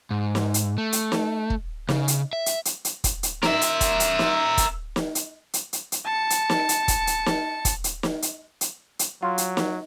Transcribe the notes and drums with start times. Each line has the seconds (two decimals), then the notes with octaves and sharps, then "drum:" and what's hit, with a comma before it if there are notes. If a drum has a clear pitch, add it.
0.11 G#2
0.35 drum: snare
0.54 drum: hi-hat
0.78 A3
0.93 drum: hi-hat
1.12 drum: snare
1.50 drum: kick
1.89 C#3, drum: snare
2.08 drum: hi-hat
2.33 E5
2.46 drum: hi-hat
2.65 drum: hi-hat
2.85 drum: hi-hat
3.04 drum: kick, hi-hat
3.23 drum: hi-hat
3.43 A#4 E5, drum: snare
3.61 drum: hi-hat
3.81 drum: kick, hi-hat
4.00 drum: hi-hat
4.19 drum: snare
4.57 drum: kick, hi-hat
4.96 drum: snare
5.15 drum: hi-hat
5.54 drum: hi-hat
5.73 drum: hi-hat
5.92 drum: hi-hat
6.05 A5 C#7
6.30 drum: hi-hat
6.50 drum: snare
6.69 drum: hi-hat
6.88 drum: kick, hi-hat
7.07 drum: hi-hat
7.26 drum: snare
7.65 drum: kick, hi-hat
7.84 drum: hi-hat
8.03 drum: snare
8.22 drum: hi-hat
8.61 drum: hi-hat
8.99 drum: hi-hat
9.23 F#3 F4
9.38 drum: hi-hat
9.57 drum: snare